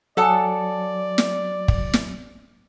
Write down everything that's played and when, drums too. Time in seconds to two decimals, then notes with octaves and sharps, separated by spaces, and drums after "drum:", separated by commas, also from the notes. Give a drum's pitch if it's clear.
0.17 F#3 A4 D5 F#5 G#5 A5 D#6 E6
1.18 drum: snare
1.68 drum: kick
1.93 drum: snare